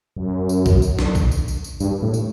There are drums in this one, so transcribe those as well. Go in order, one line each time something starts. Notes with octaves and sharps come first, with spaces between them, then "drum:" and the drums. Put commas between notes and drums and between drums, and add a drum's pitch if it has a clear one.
F#2
drum: tambourine
drum: kick A#1, tambourine
drum: tambourine
drum: snare
drum: kick A#1, tambourine
drum: tambourine
drum: tambourine
drum: tambourine
G2, drum: tambourine
A2
drum: tambourine